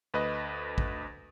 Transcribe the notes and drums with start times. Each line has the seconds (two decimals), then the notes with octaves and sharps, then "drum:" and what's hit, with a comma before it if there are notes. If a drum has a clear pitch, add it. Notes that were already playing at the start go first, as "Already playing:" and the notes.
0.14 D2 B4 D#5
0.78 drum: kick